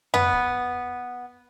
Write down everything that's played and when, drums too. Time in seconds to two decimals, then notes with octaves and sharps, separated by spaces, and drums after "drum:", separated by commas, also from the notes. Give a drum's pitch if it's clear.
0.14 B3, drum: tom F2
0.33 drum: kick